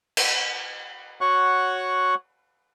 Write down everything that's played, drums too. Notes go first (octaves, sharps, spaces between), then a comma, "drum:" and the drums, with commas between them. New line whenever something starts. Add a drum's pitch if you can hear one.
drum: cymbal
F#4 C#5 F#5 C#6 F#6